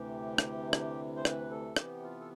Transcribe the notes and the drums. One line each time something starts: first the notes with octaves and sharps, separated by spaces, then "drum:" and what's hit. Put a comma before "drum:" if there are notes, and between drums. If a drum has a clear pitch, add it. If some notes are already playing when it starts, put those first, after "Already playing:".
Already playing: D2 C3 E3 G4
drum: rim click
G4, drum: rim click
C5
B4, drum: rim click
A4
C3 E3 B3 G4, drum: rim click
F4
A4